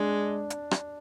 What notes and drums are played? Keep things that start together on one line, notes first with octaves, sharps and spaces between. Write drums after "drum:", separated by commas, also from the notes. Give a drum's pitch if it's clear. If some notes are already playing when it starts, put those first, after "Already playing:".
Already playing: G#3 D4
drum: hi-hat
drum: rim click